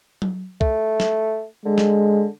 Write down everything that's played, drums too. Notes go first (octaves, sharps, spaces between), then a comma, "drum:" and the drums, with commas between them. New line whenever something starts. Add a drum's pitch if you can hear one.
drum: tom F#3
A3, drum: kick
drum: snare
D3 G#3
drum: snare